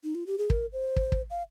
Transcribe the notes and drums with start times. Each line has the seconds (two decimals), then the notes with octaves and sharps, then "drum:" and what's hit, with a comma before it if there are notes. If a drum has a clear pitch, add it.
0.04 D#4
0.15 F4
0.27 G4
0.38 G#4
0.50 A#4, drum: kick
0.73 C5
0.96 drum: kick
1.12 drum: kick
1.30 F5